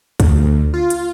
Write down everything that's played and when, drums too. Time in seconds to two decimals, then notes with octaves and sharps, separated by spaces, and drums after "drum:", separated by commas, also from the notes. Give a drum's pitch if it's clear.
0.20 D2, drum: kick, hi-hat
0.74 F4
0.90 drum: hi-hat